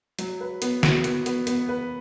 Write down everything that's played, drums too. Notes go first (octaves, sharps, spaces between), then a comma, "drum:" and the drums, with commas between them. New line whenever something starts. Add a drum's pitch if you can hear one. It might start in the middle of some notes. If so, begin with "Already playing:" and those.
F#3, drum: hi-hat
B4
B3, drum: hi-hat
F#4, drum: snare
B3, drum: hi-hat
B3, drum: hi-hat
B3, drum: hi-hat
B4